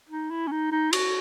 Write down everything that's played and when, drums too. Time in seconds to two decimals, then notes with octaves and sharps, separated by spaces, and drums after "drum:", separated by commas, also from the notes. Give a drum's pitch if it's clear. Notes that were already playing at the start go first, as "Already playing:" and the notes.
0.10 D#4
0.31 E4
0.47 C#4
0.52 D#4
0.72 D#4
0.93 F#4, drum: cymbal